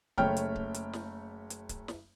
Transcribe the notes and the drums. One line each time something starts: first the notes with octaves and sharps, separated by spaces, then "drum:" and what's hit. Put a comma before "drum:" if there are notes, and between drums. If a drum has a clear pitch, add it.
F#1 A3 C#5 G5 F6, drum: kick C#1
drum: hi-hat
drum: kick C#1
drum: hi-hat
drum: snare
drum: hi-hat
drum: kick C#1, hi-hat
drum: snare